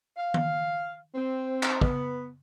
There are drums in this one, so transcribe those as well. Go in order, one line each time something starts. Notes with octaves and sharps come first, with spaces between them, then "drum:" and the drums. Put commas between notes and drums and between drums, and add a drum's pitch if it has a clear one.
F5
drum: tom D#3
C4
drum: clap
B3, drum: kick